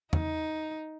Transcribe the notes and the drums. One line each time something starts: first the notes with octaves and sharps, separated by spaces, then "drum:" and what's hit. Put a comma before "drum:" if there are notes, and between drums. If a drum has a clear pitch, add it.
D#4, drum: tom E2